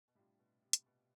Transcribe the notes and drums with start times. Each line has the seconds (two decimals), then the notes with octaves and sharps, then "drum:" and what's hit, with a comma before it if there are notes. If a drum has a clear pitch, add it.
0.08 B2
0.15 A2 C3 G3 D4 F4
0.39 B2
0.62 C3
0.73 drum: hi-hat
0.86 B2